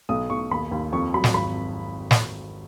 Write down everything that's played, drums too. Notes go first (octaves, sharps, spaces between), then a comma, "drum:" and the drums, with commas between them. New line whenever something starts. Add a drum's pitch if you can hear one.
B1 D#6
B1 C#6
D#2 B5
D#2
F2 C#6
F#3 B5
drum: snare
G#1 B5
drum: snare